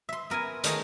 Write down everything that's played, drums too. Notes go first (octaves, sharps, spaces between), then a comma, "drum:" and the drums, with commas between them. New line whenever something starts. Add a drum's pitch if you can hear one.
E5 C6
B3 A#4 E5 G#5
D#3 A3 G#4 A#4, drum: hi-hat